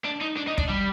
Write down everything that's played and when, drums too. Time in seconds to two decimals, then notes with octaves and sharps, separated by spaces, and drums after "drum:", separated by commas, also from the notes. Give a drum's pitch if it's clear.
0.05 D4
0.21 D#4
0.37 D4
0.47 D#4
0.58 D4, drum: kick
0.69 G3